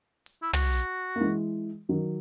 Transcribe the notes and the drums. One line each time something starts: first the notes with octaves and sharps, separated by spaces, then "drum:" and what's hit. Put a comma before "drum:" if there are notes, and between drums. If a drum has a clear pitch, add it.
drum: open hi-hat
E4
F#4, drum: tom
A#3
E3 G#3
D#3 F#3